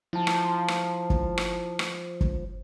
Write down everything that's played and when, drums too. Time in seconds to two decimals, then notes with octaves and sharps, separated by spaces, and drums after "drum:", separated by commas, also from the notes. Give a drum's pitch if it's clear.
0.13 F3 E4 A5
0.27 drum: rim click
0.68 drum: rim click
1.10 drum: kick
1.38 drum: rim click
1.79 drum: rim click
2.21 drum: kick